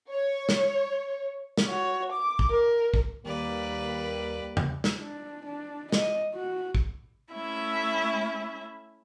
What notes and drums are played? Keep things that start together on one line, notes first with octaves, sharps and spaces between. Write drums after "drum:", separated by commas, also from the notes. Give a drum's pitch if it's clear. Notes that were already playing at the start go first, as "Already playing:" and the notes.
C#5
drum: snare
drum: snare
F#4 C#5
D6
drum: kick
A#4
drum: kick
D#2 G3 A#3 B4 D5
drum: tom E2
drum: snare
D4
D4
D#5, drum: snare
F#4
drum: kick
A3 C#4 E4 E5